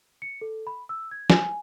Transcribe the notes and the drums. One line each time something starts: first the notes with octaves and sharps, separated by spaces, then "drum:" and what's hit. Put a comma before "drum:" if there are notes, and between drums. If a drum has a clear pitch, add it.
C#7
A4
B5
E6
G#6
G#5, drum: snare